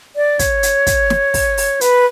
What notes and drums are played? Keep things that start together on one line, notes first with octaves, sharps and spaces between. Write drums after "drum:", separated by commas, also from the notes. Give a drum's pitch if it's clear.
D5
C#5, drum: kick, hi-hat
drum: hi-hat
drum: kick, hi-hat
drum: snare
drum: kick, open hi-hat
drum: open hi-hat
B4, drum: hi-hat